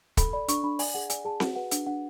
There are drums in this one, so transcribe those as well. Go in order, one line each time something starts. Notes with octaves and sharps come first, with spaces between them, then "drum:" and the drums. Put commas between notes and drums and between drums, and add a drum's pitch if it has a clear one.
A4 B5, drum: kick, hi-hat
D5 B5
D4 C#6, drum: hi-hat
D4 B5
D5 G#5, drum: open hi-hat
G#4 F#5
D5 G#5, drum: hi-hat
G#4 A5
F#4 F#5, drum: snare C4
B4 F#5
D4 F#5, drum: hi-hat
D4 F#5